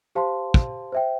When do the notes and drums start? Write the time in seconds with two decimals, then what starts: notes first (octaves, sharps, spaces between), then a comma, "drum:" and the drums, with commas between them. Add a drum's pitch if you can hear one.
0.15 G4 C5 F5 A5 C6
0.54 drum: kick
0.92 C5 E5 G5